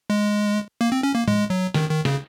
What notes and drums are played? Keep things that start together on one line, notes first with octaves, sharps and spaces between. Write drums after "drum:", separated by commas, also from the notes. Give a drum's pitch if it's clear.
G#3
A#3
C4
C#4
A#3
G#3, drum: tom
F#3
D#3, drum: snare
D#3
C#3, drum: snare